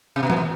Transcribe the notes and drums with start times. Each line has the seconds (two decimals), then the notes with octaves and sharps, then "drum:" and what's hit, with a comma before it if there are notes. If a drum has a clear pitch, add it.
0.16 C3
0.23 B2
0.30 A#2, drum: tom E3
0.37 B2